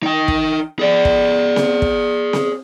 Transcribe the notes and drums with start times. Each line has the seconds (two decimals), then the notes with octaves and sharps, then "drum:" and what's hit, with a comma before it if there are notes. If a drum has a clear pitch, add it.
0.03 D#4 G5
0.28 drum: kick
0.79 G#4 D5
1.05 drum: kick
1.56 drum: snare C4
1.82 drum: kick
2.33 drum: snare C4